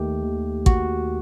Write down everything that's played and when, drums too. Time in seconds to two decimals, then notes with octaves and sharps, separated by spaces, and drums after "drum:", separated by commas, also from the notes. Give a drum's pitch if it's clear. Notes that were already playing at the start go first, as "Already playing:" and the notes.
Already playing: D#2 D#3 A3 G4
0.23 D#2
0.66 D#2 F#4, drum: kick